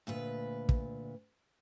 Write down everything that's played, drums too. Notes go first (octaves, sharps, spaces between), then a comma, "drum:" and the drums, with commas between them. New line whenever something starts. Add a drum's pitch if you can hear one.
D2 A#2 B4
drum: kick